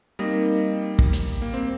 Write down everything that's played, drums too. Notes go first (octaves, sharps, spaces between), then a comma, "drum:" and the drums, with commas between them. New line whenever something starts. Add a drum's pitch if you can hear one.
G3 A#3 C4 D#4 A#4 D#5
drum: kick
drum: hi-hat
A#3
C4